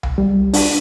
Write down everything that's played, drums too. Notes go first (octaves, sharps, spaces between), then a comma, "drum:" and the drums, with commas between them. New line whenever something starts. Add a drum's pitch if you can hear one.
drum: tom C2
G3
D4, drum: open hi-hat